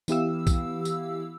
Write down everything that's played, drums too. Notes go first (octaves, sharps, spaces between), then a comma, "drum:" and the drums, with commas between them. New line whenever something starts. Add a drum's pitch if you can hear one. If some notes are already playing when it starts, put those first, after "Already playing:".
E3 B3 E4 G4 F5 E6, drum: tambourine
drum: kick B1, tambourine
drum: tambourine